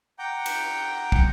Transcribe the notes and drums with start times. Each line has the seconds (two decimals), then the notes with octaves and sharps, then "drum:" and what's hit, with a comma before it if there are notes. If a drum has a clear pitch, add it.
0.19 F#5 G5 A#5 D6 G6
0.46 drum: cymbal
1.12 drum: kick